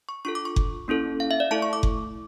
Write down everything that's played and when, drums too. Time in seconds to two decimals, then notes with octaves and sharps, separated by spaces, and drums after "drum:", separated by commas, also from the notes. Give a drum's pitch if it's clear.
0.09 C#6
0.25 D4 F4 A4 C#6
0.35 D6
0.45 C#6
0.56 drum: kick F#1
0.88 A#3 C#4 E4 A4
1.20 F5
1.31 E5
1.40 D5
1.51 A3 E4 A4 A5
1.62 C#6
1.73 D6
1.83 drum: kick F#1